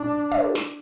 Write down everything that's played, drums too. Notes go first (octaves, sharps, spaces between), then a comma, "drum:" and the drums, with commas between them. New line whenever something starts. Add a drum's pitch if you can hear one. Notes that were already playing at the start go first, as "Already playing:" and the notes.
Already playing: D4
drum: tom
drum: snare